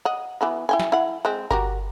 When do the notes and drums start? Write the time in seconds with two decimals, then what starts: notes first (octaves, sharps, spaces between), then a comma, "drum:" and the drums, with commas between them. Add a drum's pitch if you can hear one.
0.05 D#5 F#5
0.41 E3 B3 F#4
0.69 E4 G5 G#5
0.80 drum: snare
0.92 E4 F#5
1.25 G#3 C4
1.51 F#4 G4 A#4, drum: kick G1